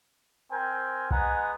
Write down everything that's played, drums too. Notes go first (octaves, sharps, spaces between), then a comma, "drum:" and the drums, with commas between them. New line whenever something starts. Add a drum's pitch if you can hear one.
C4 A#4 C5 G5 G#5
G#3 B3 D#5 F#5 G#5 A#5, drum: kick B1